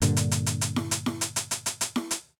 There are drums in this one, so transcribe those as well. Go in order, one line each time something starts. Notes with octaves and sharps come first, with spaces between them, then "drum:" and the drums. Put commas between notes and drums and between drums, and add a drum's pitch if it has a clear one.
G2 A#2 D3, drum: hi-hat
drum: hi-hat
drum: hi-hat
drum: hi-hat
drum: hi-hat
drum: snare E4
drum: hi-hat
drum: snare E4
drum: hi-hat
drum: hi-hat
drum: hi-hat
drum: hi-hat
drum: hi-hat
drum: snare E4
drum: hi-hat